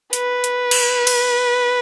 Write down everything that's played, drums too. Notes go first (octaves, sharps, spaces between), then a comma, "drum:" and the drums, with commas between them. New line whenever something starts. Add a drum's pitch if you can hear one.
B4, drum: hi-hat
drum: hi-hat
drum: cymbal
drum: cymbal